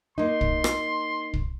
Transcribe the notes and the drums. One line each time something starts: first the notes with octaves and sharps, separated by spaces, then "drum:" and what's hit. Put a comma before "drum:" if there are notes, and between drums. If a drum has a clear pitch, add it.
A#3 D#4 C6
drum: kick
drum: rim click
drum: kick